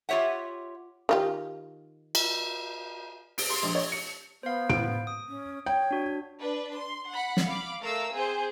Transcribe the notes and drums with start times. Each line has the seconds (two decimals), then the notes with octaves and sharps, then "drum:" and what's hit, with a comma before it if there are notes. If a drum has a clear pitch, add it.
0.09 F4 G4 C#5 E5 F#5
1.09 D#3 F4 G4
2.15 drum: cymbal
3.38 D7, drum: open hi-hat
3.50 C6
3.63 A#1
3.75 C#5
3.92 C#7
4.43 B3 C5 F5
4.69 D7, drum: tom A2
5.07 D#6
5.28 C#4
5.66 C#5 G5
5.91 D4 F#4
6.38 D4 B4
6.76 C6
7.09 F#5 B5
7.37 drum: snare
7.46 F5 B5 D6
7.81 A3 A#4 F5 E6
8.12 C4 G#4 C5